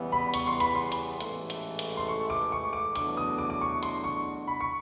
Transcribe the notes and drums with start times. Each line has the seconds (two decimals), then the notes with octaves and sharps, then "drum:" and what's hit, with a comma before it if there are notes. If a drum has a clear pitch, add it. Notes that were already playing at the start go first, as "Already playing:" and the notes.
Already playing: E2 C#3 E3 G3 B3
0.12 B5
0.34 C#6, drum: hi-hat
0.47 C6
0.60 B5, drum: hi-hat
0.75 C6
0.92 drum: hi-hat
1.20 A1 G#2 E3 A3, drum: hi-hat
1.50 drum: hi-hat
1.79 drum: hi-hat
1.97 C6
2.08 C#6
2.30 D6
2.52 C#6
2.73 D6
2.95 E2 B2 F#3 A3 D4 D6, drum: hi-hat
3.17 D#6
3.38 D6
3.50 D6
3.61 C#6
3.83 C6, drum: hi-hat
4.04 C#6
4.48 B5
4.60 C#6